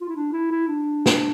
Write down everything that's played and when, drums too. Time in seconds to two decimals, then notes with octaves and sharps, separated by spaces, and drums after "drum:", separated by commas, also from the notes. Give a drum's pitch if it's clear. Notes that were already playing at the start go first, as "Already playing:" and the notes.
0.01 F4
0.08 E4
0.16 D4
0.33 E4
0.51 E4
0.67 D4
1.06 drum: snare